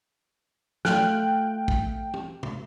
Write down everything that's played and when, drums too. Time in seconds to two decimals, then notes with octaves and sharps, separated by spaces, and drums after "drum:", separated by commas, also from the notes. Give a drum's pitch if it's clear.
0.85 A3 F4 G5 F6 F#6, drum: snare
1.68 drum: kick
2.14 drum: tom
2.43 drum: tom